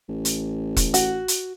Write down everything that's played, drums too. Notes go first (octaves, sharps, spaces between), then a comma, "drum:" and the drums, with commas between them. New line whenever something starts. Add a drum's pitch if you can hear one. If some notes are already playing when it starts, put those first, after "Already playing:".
A1
drum: hi-hat
drum: kick E1, hi-hat
F#4, drum: hi-hat
drum: hi-hat